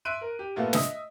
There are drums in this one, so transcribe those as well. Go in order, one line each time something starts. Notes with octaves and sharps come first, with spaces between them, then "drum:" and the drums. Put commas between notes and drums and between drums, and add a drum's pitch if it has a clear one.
E5 C6 F#6 D7 D#7
A#4
G4
A#2 A3 B3 F4
D#5 E5 D#6, drum: snare